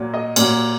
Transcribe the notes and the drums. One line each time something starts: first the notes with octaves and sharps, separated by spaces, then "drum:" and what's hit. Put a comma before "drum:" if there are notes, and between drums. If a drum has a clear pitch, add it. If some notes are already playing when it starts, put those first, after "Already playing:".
Already playing: A#2 F#3
D#5
A#2 F#3, drum: cymbal